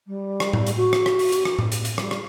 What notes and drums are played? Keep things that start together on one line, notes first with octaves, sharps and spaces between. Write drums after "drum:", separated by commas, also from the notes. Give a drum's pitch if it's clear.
G3
drum: rim click
drum: tom A2
drum: hi-hat
F#4
drum: rim click
drum: rim click
drum: open hi-hat
drum: hi-hat
drum: rim click
drum: tom A2
drum: hi-hat
drum: hi-hat
G3, drum: rim click
drum: rim click